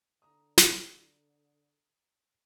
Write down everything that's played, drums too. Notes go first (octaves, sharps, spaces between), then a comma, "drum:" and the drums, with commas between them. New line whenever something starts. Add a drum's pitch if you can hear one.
D3 A#5 D#6
drum: snare